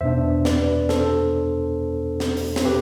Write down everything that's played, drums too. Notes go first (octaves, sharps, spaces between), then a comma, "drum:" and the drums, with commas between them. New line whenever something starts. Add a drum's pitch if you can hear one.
E2 B2 B3 D4 C5 E5
B4 D5, drum: snare
A4 C5, drum: snare
drum: snare
drum: open hi-hat
drum: snare
G4 B4